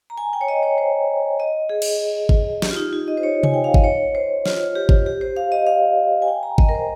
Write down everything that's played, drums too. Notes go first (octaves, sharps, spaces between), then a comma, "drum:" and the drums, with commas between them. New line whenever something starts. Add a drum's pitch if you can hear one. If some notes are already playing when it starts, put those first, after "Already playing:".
A#5
G#5
G5
C#5
D#5
C#5
C5
D#5
G#4
drum: cymbal
drum: kick G#1
G4, drum: snare
F4
D#4
F4
D#5
C5
C#5
G#5, drum: tom C3
G5
F5
D#5, drum: kick G#1
C#5
C5
F4, drum: snare
G4
drum: kick G#1
G4
C5
F5
D#5
F5
G#5
G5
A#5
D#5, drum: kick G#1
A#4
C5